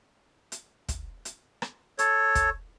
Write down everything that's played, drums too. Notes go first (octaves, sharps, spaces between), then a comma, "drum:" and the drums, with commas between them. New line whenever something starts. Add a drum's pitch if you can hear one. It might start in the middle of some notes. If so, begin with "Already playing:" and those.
drum: hi-hat
drum: kick, hi-hat
drum: hi-hat
drum: rim click
A4 C#5, drum: hi-hat
drum: kick, hi-hat